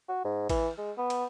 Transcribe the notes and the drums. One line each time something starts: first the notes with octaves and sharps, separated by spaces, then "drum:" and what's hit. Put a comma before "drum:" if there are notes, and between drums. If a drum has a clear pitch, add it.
F#4
G#2
E3, drum: kick A1, cymbal
G#3
B3
drum: cymbal